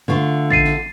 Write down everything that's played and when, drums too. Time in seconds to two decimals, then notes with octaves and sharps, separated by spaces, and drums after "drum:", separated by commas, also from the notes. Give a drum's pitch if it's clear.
0.08 D3 A3 F4
0.50 A6 C7 D#7, drum: kick A1
0.66 drum: snare